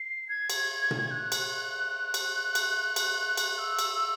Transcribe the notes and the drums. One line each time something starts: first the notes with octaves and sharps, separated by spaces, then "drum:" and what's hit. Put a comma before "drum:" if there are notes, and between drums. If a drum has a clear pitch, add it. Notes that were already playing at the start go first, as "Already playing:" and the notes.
Already playing: C7
G#6
drum: cymbal
drum: tom A#2
F#6
drum: cymbal
drum: cymbal
drum: cymbal
drum: cymbal
drum: cymbal
E6
drum: cymbal